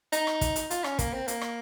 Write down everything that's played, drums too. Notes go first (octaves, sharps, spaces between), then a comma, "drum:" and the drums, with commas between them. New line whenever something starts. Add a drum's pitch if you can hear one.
D#4, drum: hi-hat
drum: rim click
drum: kick, hi-hat
drum: hi-hat
F4, drum: hi-hat
C#4, drum: rim click
A#3, drum: kick, hi-hat
C4
A#3, drum: hi-hat
drum: rim click